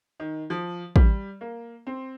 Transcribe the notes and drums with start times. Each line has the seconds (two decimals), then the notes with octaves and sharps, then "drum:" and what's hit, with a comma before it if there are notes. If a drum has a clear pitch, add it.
0.20 D#3
0.50 F3
0.96 G3, drum: kick
1.41 A#3
1.87 C4